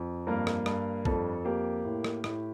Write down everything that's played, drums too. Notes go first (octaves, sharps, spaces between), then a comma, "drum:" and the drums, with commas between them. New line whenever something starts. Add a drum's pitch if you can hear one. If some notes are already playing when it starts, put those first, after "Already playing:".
Already playing: F2
G2 A#3 A#4
drum: rim click
G2, drum: rim click
F2 A4, drum: kick
A#3 G4
A2
drum: rim click
A2, drum: rim click